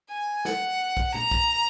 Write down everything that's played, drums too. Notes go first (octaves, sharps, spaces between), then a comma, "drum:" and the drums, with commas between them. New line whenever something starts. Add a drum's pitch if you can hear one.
G#5
F#5, drum: snare
drum: kick
A#5, drum: tom A#2
drum: kick